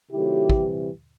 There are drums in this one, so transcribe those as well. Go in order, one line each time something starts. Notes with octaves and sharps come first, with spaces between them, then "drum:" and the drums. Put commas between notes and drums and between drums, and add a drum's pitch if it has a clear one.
C3 D#3 F#3 A3 E4 G4
C3 E3 G3, drum: kick